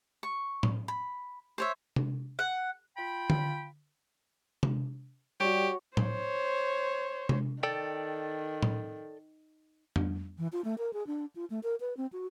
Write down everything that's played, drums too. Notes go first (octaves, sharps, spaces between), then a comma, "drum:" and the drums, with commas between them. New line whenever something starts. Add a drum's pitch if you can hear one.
C#6
drum: tom A2
B5
C5 C#5 E5
drum: tom C3
F#5
F4 G5 B5
drum: tom D3
drum: tom C3
G3 F#4 G4 C#5
C5 C#5, drum: tom A2
drum: tom C3
D#3 A4 D5 G5
drum: tom A2
drum: tom
E3
F4
A3
A#4
G#4
D4
F4
A3
A#4
B4
C4
F#4